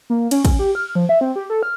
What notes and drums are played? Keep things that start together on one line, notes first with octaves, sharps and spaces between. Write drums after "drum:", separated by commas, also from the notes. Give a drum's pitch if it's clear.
A#3
C#4, drum: cymbal
C#4, drum: kick, cymbal
G4
F6
F3
E5
C4
G4
A4
F6